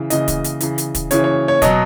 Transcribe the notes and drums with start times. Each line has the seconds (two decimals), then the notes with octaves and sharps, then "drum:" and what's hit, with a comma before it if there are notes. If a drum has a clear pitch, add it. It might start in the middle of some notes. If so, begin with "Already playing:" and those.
Already playing: C#3 E3
0.10 C#3 E3 D#5, drum: hi-hat
0.28 drum: kick, hi-hat
0.44 drum: hi-hat
0.61 C#3 E3, drum: hi-hat
0.78 drum: hi-hat
0.95 drum: kick, hi-hat
1.11 C#3 E3 C#5, drum: hi-hat
1.24 C#5
1.48 C#5
1.62 B2 F#3 D#5, drum: kick, hi-hat